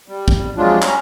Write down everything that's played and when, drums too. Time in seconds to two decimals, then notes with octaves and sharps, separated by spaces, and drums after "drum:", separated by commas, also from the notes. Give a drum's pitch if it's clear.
0.08 G3
0.28 drum: kick
0.57 C3 F3 F#3 G#3 D4 F4
0.82 G3 C#4 A#5, drum: clap